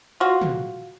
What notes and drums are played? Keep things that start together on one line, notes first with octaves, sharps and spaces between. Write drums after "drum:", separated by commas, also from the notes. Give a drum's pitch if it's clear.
F4 F#4
drum: tom